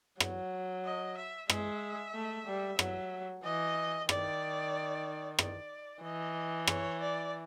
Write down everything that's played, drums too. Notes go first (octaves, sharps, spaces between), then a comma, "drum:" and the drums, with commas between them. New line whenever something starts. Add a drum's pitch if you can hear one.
F#3, drum: rim click
D#5
E5
G#3 E5, drum: rim click
A3
G3
F#3, drum: rim click
E3 D#5
D#3 D5, drum: rim click
D5, drum: rim click
E3 D#5
C#5, drum: rim click
D5